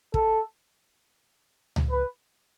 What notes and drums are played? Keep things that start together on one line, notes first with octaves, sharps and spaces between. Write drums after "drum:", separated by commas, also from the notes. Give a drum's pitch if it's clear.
A4, drum: kick
drum: tom C#2
B4